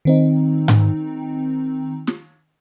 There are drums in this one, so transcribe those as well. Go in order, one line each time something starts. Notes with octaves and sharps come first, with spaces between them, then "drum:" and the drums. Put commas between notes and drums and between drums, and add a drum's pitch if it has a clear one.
D#3 C4 D#4
drum: tom G#2
drum: snare